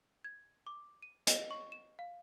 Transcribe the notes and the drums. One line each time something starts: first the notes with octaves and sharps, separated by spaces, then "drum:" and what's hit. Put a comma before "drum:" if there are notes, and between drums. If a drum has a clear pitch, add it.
G#6
D6
D#7
D#5, drum: hi-hat
C#6
E7
F5